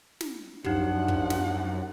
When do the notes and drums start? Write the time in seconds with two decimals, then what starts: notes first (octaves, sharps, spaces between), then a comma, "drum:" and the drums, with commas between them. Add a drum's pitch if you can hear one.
0.21 drum: snare
0.64 F#2 F3 D4 D#4 G4 F#5, drum: kick
1.08 drum: kick
1.30 drum: snare